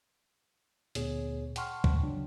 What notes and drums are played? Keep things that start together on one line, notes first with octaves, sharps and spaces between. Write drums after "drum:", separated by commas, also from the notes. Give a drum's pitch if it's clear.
D2 A#2 B3 G#4 C#5, drum: hi-hat
F#5 G5 A5 C6 C#6 F6, drum: hi-hat
drum: kick
C#3 F#3 D4